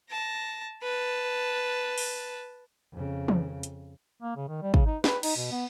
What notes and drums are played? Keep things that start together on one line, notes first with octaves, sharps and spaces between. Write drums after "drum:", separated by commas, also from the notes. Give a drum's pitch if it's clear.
A5 A#6
B4 A5
drum: open hi-hat
F2 C#3
drum: tom
drum: hi-hat
A#3
C#3
D#3
G3
C#3, drum: kick
D#4
B4, drum: snare
D#4, drum: cymbal
B2
B3